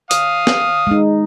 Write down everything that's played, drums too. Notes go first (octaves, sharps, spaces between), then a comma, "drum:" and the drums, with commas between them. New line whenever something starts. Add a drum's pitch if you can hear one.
F5 D#6, drum: hi-hat
drum: snare
G#3 D#4